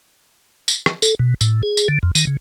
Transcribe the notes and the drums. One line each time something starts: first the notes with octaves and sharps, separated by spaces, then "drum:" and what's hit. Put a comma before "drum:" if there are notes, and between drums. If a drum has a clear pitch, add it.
drum: tambourine
drum: rim click
A4, drum: tambourine
B2
A2, drum: tambourine
G#4
drum: tambourine
D3
F2
D#3, drum: tambourine
C#3